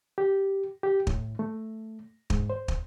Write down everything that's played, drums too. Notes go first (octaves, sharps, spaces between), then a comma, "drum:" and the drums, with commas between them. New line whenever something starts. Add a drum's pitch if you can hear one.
G4
G4
A2, drum: kick
A3
G#2, drum: kick
C5
drum: kick